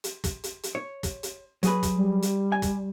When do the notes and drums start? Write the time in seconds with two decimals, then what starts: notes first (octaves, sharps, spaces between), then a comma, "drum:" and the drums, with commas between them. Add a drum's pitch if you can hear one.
0.04 drum: hi-hat
0.24 drum: kick, hi-hat
0.44 drum: hi-hat
0.63 drum: hi-hat
0.75 C#5
1.03 drum: kick, hi-hat
1.23 drum: hi-hat
1.63 F#3 G#4 B4, drum: hi-hat
1.83 drum: kick, hi-hat
1.96 G3
2.22 drum: hi-hat
2.52 G#5
2.62 drum: kick, hi-hat